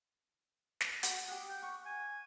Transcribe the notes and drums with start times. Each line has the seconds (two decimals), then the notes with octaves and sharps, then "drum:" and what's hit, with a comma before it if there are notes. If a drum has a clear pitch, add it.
0.81 drum: snare
1.03 F#4, drum: hi-hat
1.28 G4 F#5 D#6
1.49 G5
1.63 F#5 C#6
1.86 G#5